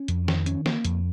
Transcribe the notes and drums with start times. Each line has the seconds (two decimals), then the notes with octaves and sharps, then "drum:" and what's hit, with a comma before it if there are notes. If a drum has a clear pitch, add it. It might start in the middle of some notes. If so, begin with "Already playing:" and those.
Already playing: C#4
0.08 F2, drum: hi-hat
0.28 D#3, drum: snare
0.46 C#4, drum: hi-hat
0.66 A#3, drum: snare
0.85 F2, drum: hi-hat